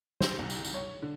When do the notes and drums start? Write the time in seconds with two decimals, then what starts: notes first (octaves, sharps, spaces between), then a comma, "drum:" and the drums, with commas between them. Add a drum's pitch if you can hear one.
0.21 C5, drum: snare
0.39 C2
0.50 drum: tambourine
0.64 drum: tambourine
0.74 C#5
1.02 D3